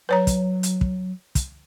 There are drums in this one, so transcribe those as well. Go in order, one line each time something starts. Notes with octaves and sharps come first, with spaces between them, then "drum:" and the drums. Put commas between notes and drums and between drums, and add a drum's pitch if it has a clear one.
F#3 B4 C#5 A#5
drum: kick, hi-hat
drum: hi-hat
drum: kick
drum: kick, hi-hat